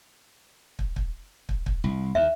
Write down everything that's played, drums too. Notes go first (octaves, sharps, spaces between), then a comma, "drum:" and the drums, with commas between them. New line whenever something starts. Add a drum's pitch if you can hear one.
drum: kick
drum: kick
drum: kick
drum: kick
C2
D#2 E5